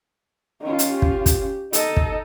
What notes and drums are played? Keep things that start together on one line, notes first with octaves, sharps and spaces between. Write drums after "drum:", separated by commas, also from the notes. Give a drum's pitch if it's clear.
D#3 C#4 F4
drum: hi-hat
G4
drum: kick
drum: kick, hi-hat
D#4 A4 D#5, drum: hi-hat
drum: kick